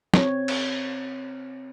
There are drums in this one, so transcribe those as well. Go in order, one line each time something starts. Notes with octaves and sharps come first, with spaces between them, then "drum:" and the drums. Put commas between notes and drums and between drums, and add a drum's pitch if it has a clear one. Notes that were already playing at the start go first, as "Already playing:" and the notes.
C4 C#5, drum: snare
drum: cymbal